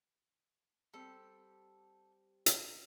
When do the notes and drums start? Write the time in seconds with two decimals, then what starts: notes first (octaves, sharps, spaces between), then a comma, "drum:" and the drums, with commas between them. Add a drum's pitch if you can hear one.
0.94 G3 C4 G4 A4
2.46 drum: hi-hat